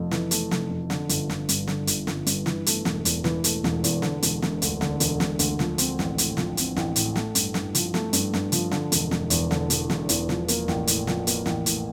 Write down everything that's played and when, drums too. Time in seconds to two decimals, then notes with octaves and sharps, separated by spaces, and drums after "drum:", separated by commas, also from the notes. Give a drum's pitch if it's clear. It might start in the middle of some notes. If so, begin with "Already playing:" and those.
Already playing: F1 F2 A3
0.11 E3, drum: snare
0.31 A3, drum: hi-hat
0.51 F1, drum: snare
0.70 F2
0.90 D3, drum: snare
1.09 G1, drum: hi-hat
1.30 G1, drum: snare
1.49 G2, drum: hi-hat
1.67 D3, drum: snare
1.87 G1, drum: hi-hat
2.07 G1, drum: snare
2.27 G2, drum: hi-hat
2.46 E3, drum: snare
2.66 A3, drum: hi-hat
2.85 E1, drum: snare
3.05 E2, drum: hi-hat
3.24 E3, drum: snare
3.44 A3, drum: hi-hat
3.64 E1, drum: snare
3.84 E2, drum: hi-hat
4.02 D3, drum: snare
4.22 E1, drum: hi-hat
4.42 E1, drum: snare
4.62 D2, drum: hi-hat
4.81 D3, drum: snare
5.00 E1, drum: hi-hat
5.20 E1, drum: snare
5.39 D2, drum: hi-hat
5.59 F3, drum: snare
5.78 C4, drum: hi-hat
5.99 A1, drum: snare
6.18 A2, drum: hi-hat
6.37 F3, drum: snare
6.57 C4, drum: hi-hat
6.76 A1, drum: snare
6.96 A2, drum: hi-hat
7.16 A3, drum: snare
7.35 G2, drum: hi-hat
7.54 G2, drum: snare
7.75 F3, drum: hi-hat
7.94 A3, drum: snare
8.13 G2, drum: hi-hat
8.34 G2, drum: snare
8.52 F3, drum: hi-hat
8.71 D3, drum: snare
8.92 E1, drum: hi-hat
9.11 E1, drum: snare
9.30 E2, drum: hi-hat
9.51 D3, drum: snare
9.70 E1, drum: hi-hat
9.90 E1, drum: snare
10.09 E2, drum: hi-hat
10.29 F3, drum: snare
10.48 A#3, drum: hi-hat
10.68 A1, drum: snare
10.87 A2, drum: hi-hat
11.07 F3, drum: snare
11.27 A#3, drum: hi-hat
11.46 A1, drum: snare
11.66 A2, drum: hi-hat